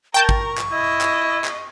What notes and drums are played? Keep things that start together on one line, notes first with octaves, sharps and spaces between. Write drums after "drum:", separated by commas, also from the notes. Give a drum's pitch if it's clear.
A#4 G5 A5 C#6 G6
drum: kick
drum: clap
E4 D#5
drum: clap
drum: clap